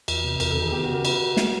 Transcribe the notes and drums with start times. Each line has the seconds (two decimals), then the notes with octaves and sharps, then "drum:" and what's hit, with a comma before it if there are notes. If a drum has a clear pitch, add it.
0.08 E2, drum: cymbal
0.24 C3
0.40 E2 A#4, drum: cymbal
0.51 A4
0.56 D#3
0.62 G#4
0.72 B3 G4
0.83 F#4
0.88 C#3
0.94 A#4
1.05 B4, drum: cymbal
1.37 drum: snare